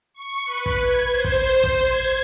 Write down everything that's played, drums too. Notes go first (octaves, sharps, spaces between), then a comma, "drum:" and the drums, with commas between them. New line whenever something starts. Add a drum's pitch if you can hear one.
C#6
B4
drum: kick
G#6
C5
drum: kick
drum: kick
G#6